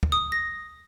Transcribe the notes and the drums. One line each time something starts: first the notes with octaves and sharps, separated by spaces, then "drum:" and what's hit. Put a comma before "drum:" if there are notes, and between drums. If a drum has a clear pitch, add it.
drum: kick
D#6
A#6